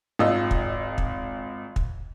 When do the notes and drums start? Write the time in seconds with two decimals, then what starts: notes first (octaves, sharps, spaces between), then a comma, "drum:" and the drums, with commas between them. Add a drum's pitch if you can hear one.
0.19 G#1 F4 D#5 E6
0.51 drum: kick
0.98 drum: kick
1.76 drum: kick